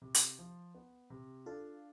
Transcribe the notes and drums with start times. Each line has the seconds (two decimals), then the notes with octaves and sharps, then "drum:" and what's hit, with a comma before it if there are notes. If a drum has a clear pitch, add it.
0.02 C3
0.15 drum: hi-hat
0.39 F3
0.75 B3
1.10 C3
1.46 D4 F4 A4